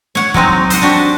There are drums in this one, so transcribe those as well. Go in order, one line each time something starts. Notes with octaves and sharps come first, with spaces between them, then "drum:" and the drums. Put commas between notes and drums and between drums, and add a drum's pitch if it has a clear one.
C#5 F#5, drum: snare
F#3 G#3 C4 D#4, drum: kick
C5 D#5 F#5, drum: hi-hat
D4 F#4 G4